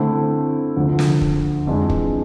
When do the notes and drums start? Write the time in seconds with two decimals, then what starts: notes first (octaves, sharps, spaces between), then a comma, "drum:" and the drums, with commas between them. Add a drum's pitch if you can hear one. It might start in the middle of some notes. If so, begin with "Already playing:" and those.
Already playing: D3 A3 C4 E4
0.76 D2 D3 F3
0.99 drum: snare
1.21 drum: kick
1.67 F2 E3 G#3 D4
1.90 drum: kick